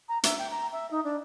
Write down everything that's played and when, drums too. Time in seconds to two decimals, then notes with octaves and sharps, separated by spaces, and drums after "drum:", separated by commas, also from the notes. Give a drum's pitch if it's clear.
0.09 A#5
0.23 E5, drum: hi-hat
0.39 G5
0.51 A#5
0.72 E5
0.91 D#4
1.04 D4